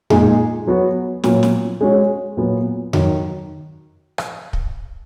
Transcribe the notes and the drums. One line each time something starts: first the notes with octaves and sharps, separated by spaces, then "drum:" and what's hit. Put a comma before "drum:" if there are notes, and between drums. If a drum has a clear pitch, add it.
A#2 G#3 D#4 G#4, drum: tom F2
F#3 B3 F#4
A#2 F#3 B3, drum: snare
drum: snare
G#3 C#4 F#4
A#2 F#3 B3
D#3 F#3, drum: tom F2
drum: rim click
drum: kick